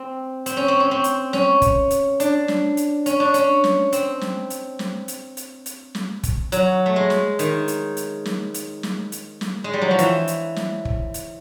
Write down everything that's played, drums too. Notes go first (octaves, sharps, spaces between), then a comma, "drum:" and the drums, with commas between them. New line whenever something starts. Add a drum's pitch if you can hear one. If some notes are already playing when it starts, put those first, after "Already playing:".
Already playing: C4
C4, drum: hi-hat
C#4
C4
C#4
C4
drum: hi-hat
C#4, drum: snare
drum: kick, hi-hat
drum: hi-hat
D4, drum: hi-hat
drum: snare
drum: hi-hat
C#4, drum: hi-hat
D4
C#4, drum: hi-hat
drum: snare
C4, drum: hi-hat
drum: snare
drum: hi-hat
drum: snare
drum: hi-hat
drum: hi-hat
drum: hi-hat
drum: snare
drum: kick, hi-hat
F#3, drum: hi-hat
A3
G#3
drum: snare
D#3, drum: hi-hat
drum: hi-hat
drum: hi-hat
drum: snare
drum: hi-hat
drum: snare
drum: hi-hat
drum: snare
G#3
G3
F#3
F3
E3, drum: hi-hat
drum: hi-hat
drum: snare
drum: kick
drum: hi-hat